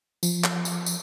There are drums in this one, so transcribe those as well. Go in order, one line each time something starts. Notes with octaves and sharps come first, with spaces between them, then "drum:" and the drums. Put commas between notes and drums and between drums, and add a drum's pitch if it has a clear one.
F3, drum: tambourine
drum: clap
drum: tambourine
drum: tambourine